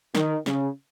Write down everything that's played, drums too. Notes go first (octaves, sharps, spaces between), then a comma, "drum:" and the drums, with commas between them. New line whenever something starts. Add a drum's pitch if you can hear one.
D#3, drum: snare
C#3, drum: snare